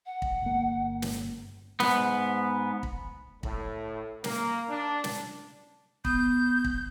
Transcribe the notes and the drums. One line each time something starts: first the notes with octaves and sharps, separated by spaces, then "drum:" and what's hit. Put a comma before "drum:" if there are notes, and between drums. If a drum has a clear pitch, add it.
F#5
drum: kick
G1 A#3
drum: snare
G#2 B3, drum: snare
drum: kick
A2, drum: kick
A#3, drum: snare
D4
drum: snare
B3 D#6 G6, drum: kick
drum: kick